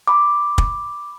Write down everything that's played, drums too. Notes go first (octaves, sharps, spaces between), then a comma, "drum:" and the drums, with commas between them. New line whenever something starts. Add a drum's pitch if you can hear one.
B5 D6
drum: kick